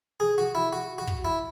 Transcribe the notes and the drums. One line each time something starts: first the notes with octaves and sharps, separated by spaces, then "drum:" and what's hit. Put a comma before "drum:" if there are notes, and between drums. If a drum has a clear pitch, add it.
G#4
F#4
E4
F#4
F#4
drum: kick
E4